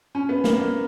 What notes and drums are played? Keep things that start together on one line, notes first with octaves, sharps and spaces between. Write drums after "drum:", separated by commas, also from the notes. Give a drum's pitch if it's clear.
C#4
B3
A#3, drum: snare
A#3